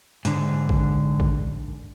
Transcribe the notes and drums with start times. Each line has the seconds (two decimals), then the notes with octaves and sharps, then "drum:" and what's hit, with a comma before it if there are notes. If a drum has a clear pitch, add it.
0.25 G#2 D3, drum: hi-hat
0.69 drum: kick A1
1.20 drum: kick A1